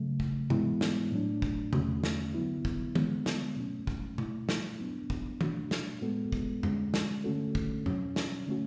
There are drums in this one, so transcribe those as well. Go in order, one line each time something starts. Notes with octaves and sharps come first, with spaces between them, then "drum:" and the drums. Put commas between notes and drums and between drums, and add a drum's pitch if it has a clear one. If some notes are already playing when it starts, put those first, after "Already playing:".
Already playing: C#3 F#3 A3
drum: kick
G#2 E3 G#3 B3 E4, drum: tom C3
drum: snare
A2 F#3 A3 D4
drum: kick
E2 D3 A3 C#4 F#4, drum: tom C3
drum: snare
D3 F#3 B3 E4
drum: kick
D3 G#3 B3, drum: tom
drum: snare
B2 F#3 A3 C#4
drum: kick
B2 A3 E4, drum: tom B2
drum: snare
F#3 B3 D4
drum: kick
B2 A3 D4 F#4, drum: tom
drum: snare
A2 G#3 B3 F#4 A4
drum: kick
D3 G#3 C#4, drum: tom F2
drum: snare
D3 A3 C#4 F#4 A4
drum: kick
B2 F#3 C#4, drum: tom F2
drum: snare
D3 A3 C#4 F#4